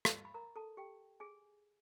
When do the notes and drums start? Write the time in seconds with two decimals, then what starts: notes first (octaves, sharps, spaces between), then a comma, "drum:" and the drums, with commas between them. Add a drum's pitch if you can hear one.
0.05 drum: rim click
0.25 B5
0.34 A#4 A#5
0.56 A4 A5
0.77 G4 G5
1.20 G#4 G#5